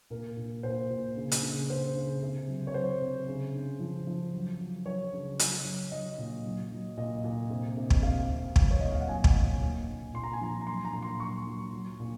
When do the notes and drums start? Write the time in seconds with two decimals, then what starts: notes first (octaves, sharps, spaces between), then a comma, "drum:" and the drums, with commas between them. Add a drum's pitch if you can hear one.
0.10 A#2 A#4
0.37 A#2
0.63 A#2 C5
0.91 A#2
1.16 C#3
1.32 drum: hi-hat
1.42 C#3
1.70 C#3 C5
1.96 C#3
2.22 C3
2.48 F#3
2.67 C#5
2.74 F#3 C5
3.01 C3
3.28 C#3
3.55 C#3
3.80 F3
4.07 F3
4.33 F#3
4.60 F#3
4.86 F#3 C#5
5.13 C#3
5.39 F#3, drum: hi-hat
5.65 F#3
5.92 F#3 D#5
6.18 A#2
6.45 F#3
6.72 F#3
6.97 A#2 D#5
7.24 A#2
7.50 C3
7.77 C3
7.90 drum: kick
8.03 C3 F5
8.30 C3
8.56 F#3, drum: kick
8.71 C#5
8.80 A#2 D#5
8.91 F5
9.00 F#5
9.08 F#3 G#5
9.24 drum: kick
9.35 A#2
9.61 A#2
9.88 A#2
10.14 A#2 C6
10.23 A#5
10.33 G#5
10.41 F3 A#5
10.62 A#5
10.67 F#3 C6
10.85 A#5
10.93 A#2
11.02 C6
11.20 F#3 C#6
11.47 F#3
11.73 F#3
12.00 A#2